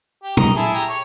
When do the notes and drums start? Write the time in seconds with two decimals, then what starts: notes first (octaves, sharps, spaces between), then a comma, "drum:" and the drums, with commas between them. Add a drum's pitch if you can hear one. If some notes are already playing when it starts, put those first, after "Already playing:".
0.23 G4
0.37 D#5 A#5, drum: tom
0.55 E4 G#4 A4
0.74 G4 A#5
0.89 C#5